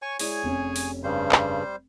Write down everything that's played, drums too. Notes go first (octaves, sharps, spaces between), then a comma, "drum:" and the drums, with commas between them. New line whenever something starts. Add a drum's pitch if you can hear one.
C#5 G#5 C#6
G#3 E4 G#4 C#5 D5 G#5, drum: open hi-hat
F1 C3 C#4
drum: open hi-hat
G2 C#3 G3 C5
drum: clap